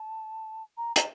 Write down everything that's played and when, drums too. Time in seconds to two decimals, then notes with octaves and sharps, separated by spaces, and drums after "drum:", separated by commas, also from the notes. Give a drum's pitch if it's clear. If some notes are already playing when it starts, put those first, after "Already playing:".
Already playing: A5
0.77 A#5
0.96 A#5, drum: hi-hat